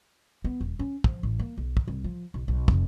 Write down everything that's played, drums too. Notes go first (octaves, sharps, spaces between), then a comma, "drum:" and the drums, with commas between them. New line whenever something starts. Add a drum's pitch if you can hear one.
B3
D#1
C#4
F3, drum: kick
A1
A#3
B1
drum: kick
C2
F3
B1
B1
F1, drum: kick